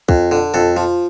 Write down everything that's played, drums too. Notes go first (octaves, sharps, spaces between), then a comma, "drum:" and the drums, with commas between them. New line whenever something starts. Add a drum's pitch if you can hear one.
F2, drum: kick
D3
F2 A4
F3